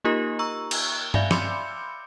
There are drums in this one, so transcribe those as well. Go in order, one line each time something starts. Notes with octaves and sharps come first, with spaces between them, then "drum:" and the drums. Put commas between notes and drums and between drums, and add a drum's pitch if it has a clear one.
A#3 D#4 F4 G4 A#4 D#5
A#5 C#6 E6
drum: cymbal
D5 E5 F5 G#5 B5, drum: tom G2
B5 C6 D6 E6 G6 C#7, drum: snare